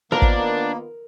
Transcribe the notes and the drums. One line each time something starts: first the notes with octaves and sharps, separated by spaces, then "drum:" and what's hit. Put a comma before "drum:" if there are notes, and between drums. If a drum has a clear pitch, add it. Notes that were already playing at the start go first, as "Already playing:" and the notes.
D#3 A#3 B3 D4 F4 A#4
drum: kick